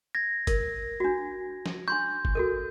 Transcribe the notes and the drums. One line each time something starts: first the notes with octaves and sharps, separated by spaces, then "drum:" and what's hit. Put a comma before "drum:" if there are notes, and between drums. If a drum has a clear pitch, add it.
G#6 A#6
A#4, drum: kick, hi-hat
D4 F#4
drum: snare
D4 C6 C#6 G6
drum: kick
F#4 A4 A#4